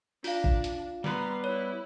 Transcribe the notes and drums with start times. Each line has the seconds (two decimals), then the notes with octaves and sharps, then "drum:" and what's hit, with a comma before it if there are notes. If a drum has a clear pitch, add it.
0.24 D4 F4 F5, drum: open hi-hat
0.44 drum: kick
0.64 drum: hi-hat
1.04 G3 B3 B4 A#5 C6, drum: snare
1.44 E4 C#5